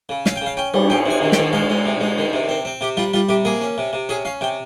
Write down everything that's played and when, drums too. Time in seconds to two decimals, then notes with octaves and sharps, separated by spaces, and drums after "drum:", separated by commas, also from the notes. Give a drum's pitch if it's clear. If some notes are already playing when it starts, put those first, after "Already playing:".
0.09 C#3
0.26 C#4 F5, drum: snare
0.36 G5
0.42 C#3 F5
0.57 C#4 G5
0.74 G3, drum: cymbal
0.90 C#4 G5
1.06 C3 G#5
1.21 D#3
1.32 G5, drum: snare
1.38 D#3
1.53 G#3 F5
1.70 G#3
1.86 C3
2.01 G#3
2.18 D#3
2.33 C3
2.49 C4
2.65 C4
2.81 C3 G4
2.97 G3 F4
3.13 G3 F4
3.29 C3 G4
3.45 A#3 G#4
3.61 C#4
3.78 C3
3.93 C3
4.09 C#4 G#4
4.25 C#4 F5
4.41 C3 G5